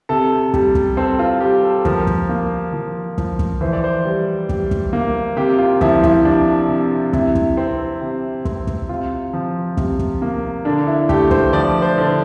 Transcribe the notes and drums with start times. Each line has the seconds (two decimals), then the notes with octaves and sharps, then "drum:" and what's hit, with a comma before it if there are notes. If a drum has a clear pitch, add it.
0.09 C3 A4
0.54 G3, drum: kick
0.75 drum: kick
0.97 C4 A4
1.19 F4
1.40 G3 G4
1.63 A4
1.85 F3 A#4, drum: kick
2.07 drum: kick
2.29 A#3
2.73 F3
3.18 F3, drum: kick
3.39 drum: kick
3.61 E3 C5
3.73 D5
3.84 C5
4.05 G3
4.49 G3, drum: kick
4.71 drum: kick
4.93 A#3
5.37 C3 G4
5.59 F4
5.81 F3 E4, drum: kick
6.04 E4, drum: kick
6.25 C3 D4
6.69 C3
7.13 C3 E4, drum: kick
7.35 drum: kick
7.57 C4
8.01 C3
8.45 C4, drum: kick
8.67 drum: kick
8.89 C3 F4
9.34 F3
9.77 C3, drum: kick
9.99 drum: kick
10.22 A#3
10.65 D3 D4
10.87 E4
11.09 A3 G4, drum: kick
11.31 C5, drum: kick
11.53 F3 D5
11.82 C5
11.98 D3